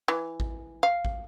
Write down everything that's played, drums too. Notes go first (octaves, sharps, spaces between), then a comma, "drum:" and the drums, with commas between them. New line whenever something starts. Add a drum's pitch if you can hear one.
E3
drum: kick A1
F5
drum: kick A1